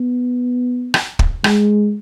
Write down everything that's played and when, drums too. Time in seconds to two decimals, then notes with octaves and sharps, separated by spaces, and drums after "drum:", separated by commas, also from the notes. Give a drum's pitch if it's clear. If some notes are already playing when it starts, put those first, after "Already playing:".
Already playing: B3
0.94 drum: rim click
1.19 drum: kick
1.44 G#3, drum: rim click